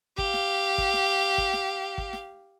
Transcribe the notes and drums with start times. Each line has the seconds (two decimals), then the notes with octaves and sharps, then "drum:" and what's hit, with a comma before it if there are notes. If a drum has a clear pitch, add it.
0.18 G4 F5, drum: kick
0.33 drum: snare
0.78 drum: kick
0.93 drum: snare
1.38 drum: kick
1.53 drum: snare
1.98 drum: kick
2.13 drum: snare